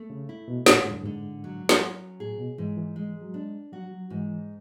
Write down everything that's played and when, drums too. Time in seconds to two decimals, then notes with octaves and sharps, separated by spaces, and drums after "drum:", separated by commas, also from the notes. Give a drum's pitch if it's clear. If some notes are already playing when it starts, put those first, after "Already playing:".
Already playing: A3
0.10 C#3
0.29 E4
0.48 B2
0.66 A2 D3, drum: snare
0.79 G#2
0.91 F#2
1.03 G#2 D3
1.44 F#3
1.69 drum: snare
1.81 C#4
2.20 A2 G#4
2.38 B2
2.58 G#2 E3
2.77 E3
2.96 E3 G#3
3.22 F#3
3.34 D4
3.73 F#3 F#4
3.91 F#3
4.10 G#2 E3